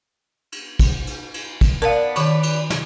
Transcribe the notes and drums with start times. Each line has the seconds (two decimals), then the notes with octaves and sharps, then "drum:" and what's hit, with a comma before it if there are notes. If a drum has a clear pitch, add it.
0.52 drum: cymbal
0.79 drum: kick, cymbal
1.07 drum: cymbal
1.34 drum: cymbal
1.61 drum: kick, cymbal
1.82 B3 D4 A#4 F5
2.16 D#3 D4 B4 C#6, drum: cymbal
2.43 drum: cymbal
2.70 drum: snare